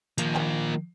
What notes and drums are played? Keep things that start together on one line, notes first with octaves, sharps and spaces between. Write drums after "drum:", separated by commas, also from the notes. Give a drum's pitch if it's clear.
D#3 F3 A#3, drum: hi-hat
drum: clap